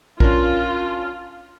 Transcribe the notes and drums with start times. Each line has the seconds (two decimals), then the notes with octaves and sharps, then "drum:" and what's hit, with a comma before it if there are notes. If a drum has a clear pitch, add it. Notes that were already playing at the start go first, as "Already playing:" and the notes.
0.20 C#4 D4 F4 A#4, drum: kick A#1